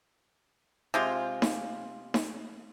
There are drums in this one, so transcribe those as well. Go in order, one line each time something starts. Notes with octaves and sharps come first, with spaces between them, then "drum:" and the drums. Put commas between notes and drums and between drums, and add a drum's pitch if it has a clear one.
C3 G#3 F4
drum: snare D#4
drum: snare D#4